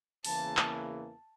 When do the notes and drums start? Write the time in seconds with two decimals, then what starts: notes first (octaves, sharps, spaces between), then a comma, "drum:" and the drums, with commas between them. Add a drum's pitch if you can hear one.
0.25 E2 C#3 E3 A#3 A5, drum: open hi-hat
0.57 drum: clap